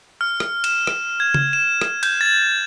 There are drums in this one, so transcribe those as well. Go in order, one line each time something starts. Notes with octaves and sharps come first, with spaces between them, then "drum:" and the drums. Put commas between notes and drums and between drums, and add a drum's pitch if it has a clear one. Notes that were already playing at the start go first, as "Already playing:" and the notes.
F6
drum: rim click
E7, drum: cymbal
drum: rim click
G#6
drum: tom C#3
E7
drum: rim click
G6, drum: cymbal
A6